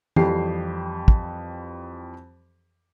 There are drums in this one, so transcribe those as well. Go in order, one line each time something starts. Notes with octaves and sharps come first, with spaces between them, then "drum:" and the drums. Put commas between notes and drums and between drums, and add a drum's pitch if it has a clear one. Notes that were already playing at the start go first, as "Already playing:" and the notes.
F2 E3 G3 G4 C7, drum: tom
drum: kick